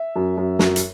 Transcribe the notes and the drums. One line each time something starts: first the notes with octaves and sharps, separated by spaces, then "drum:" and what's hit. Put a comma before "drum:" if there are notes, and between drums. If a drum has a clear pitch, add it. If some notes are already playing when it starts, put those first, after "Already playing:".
Already playing: E5
F#2
F#2
F#2, drum: snare
drum: hi-hat